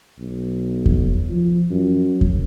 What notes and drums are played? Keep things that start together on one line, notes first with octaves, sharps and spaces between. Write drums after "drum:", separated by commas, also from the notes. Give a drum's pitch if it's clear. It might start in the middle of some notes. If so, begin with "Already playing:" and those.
B1
drum: kick E2
F3
F#2
drum: kick E2